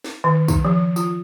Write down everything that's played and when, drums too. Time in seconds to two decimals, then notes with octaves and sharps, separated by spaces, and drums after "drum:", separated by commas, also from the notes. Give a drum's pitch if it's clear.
0.04 drum: snare
0.24 D#3
0.48 D#4, drum: kick, tambourine
0.65 F3
0.96 F4, drum: tambourine